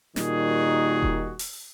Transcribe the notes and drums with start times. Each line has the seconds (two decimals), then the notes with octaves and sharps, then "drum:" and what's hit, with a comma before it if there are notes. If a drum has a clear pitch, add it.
0.16 A#2 D#3 G3 D#4 F#4 G#4, drum: snare
1.02 drum: kick E1
1.39 drum: open hi-hat